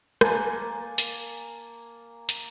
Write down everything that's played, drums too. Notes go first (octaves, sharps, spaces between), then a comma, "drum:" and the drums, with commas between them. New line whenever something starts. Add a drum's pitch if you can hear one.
A#3 G#5 A5, drum: rim click
drum: hi-hat
drum: hi-hat